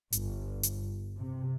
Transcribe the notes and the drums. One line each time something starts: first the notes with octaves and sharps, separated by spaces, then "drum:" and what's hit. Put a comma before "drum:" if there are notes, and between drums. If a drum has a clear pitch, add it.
G1, drum: hi-hat
drum: hi-hat
C3